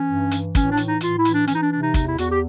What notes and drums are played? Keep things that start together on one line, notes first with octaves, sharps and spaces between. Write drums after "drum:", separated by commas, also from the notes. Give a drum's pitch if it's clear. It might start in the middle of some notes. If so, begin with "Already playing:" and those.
Already playing: E3 C#4
G2
E3, drum: hi-hat
A2 C#4, drum: kick, hi-hat
D4
E3, drum: hi-hat
D#4
A2 F4, drum: hi-hat
E4
E3, drum: hi-hat
D4
E3 C#4, drum: hi-hat
D#4
D4
C3 D4
D#4
E2 D#4, drum: kick, hi-hat
E4
E2 F#4, drum: hi-hat
G4